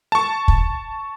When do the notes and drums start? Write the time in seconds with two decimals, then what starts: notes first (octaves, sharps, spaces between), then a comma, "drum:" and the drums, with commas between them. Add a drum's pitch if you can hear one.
0.12 A5 C#6
0.48 drum: kick